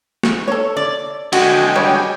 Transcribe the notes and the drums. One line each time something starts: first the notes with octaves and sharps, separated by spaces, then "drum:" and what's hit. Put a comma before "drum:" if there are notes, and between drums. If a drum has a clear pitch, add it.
drum: snare
A4 C#5
D5
D3 G#3 F#4 G5 G#5, drum: cymbal
G3 F#4 C#5